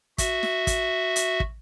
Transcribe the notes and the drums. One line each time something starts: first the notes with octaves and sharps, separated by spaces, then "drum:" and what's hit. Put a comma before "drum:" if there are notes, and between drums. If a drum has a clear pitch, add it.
F#4 E5, drum: kick, hi-hat
drum: snare
drum: kick, hi-hat
drum: hi-hat
drum: kick